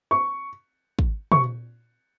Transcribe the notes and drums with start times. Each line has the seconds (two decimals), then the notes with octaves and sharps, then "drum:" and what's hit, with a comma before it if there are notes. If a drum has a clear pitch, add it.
0.11 C#6
0.99 drum: kick
1.32 C#6, drum: tom